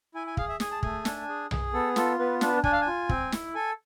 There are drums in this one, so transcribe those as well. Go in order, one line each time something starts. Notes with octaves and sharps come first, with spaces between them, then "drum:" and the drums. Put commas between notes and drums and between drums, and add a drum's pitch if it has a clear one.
E4 G#5
G#5
G#4 F5, drum: kick
E5
G#4 G#5, drum: snare
A5
A3 G#5, drum: kick
D4, drum: snare
G#4
G#4, drum: tom B1
B3 A4
F4 A4, drum: snare
B3 B4
D4 B4, drum: snare
D4 G#5, drum: kick
F5
G#5
F4
C4, drum: kick
E4, drum: snare
A4 G#5